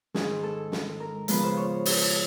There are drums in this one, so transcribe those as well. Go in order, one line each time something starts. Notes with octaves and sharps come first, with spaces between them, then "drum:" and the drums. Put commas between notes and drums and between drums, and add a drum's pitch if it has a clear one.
G#2 D#3 G#3 G#4, drum: snare
A4
drum: snare
A#4
C#3 F3 G#3 B3 B4, drum: hi-hat
C5
C#5
drum: open hi-hat